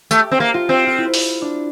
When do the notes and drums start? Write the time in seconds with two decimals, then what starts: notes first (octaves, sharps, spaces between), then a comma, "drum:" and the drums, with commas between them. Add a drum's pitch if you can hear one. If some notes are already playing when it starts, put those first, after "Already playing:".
0.11 A3 G4, drum: tambourine
0.32 C4
0.40 A#3
0.54 F4
0.69 C4
0.87 F4
0.98 E4
1.14 drum: open hi-hat
1.42 D4